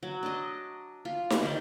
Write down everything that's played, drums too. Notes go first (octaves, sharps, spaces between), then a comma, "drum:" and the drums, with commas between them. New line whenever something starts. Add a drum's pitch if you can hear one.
F#3
D4 D#5
F4
drum: snare D#4
D#3 G3